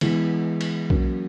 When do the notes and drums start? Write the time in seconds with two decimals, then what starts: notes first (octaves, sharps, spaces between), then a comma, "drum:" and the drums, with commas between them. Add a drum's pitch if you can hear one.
0.01 E3 G#3 B3, drum: cymbal
0.61 drum: cymbal
0.90 F#3 A#3 C#4, drum: kick B1